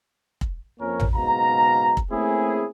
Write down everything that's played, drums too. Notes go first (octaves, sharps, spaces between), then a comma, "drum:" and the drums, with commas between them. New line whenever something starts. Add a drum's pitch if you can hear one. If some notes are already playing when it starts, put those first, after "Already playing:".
drum: kick
F2 F3 A#3 C#4 A#4 C#5
drum: tom A1
F#1 G#2 B2 F5 A#5
drum: kick
A3 A#3 C4 C#4 E4 G#4